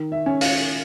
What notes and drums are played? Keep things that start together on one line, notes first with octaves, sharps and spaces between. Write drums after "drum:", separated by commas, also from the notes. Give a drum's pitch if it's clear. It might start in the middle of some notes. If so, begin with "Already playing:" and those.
Already playing: D#3
E5
C#4
F5, drum: open hi-hat